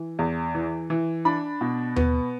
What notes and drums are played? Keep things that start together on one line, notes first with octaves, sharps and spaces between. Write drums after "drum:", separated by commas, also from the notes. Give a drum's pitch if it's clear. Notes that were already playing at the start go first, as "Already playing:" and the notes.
Already playing: E3
E2
E3
E3
D4 B5
B2
B3, drum: tom D#2